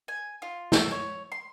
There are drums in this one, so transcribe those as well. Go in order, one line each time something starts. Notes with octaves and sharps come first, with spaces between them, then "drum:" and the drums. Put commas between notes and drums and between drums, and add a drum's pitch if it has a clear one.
G#5
F4
A4, drum: snare
C#5
C6